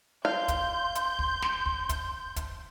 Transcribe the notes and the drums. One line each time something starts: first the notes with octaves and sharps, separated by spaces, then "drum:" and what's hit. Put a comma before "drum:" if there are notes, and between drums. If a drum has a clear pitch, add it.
F5 C6 G6
drum: kick, hi-hat
drum: hi-hat
drum: kick
drum: snare
drum: kick
drum: kick, hi-hat
drum: kick, hi-hat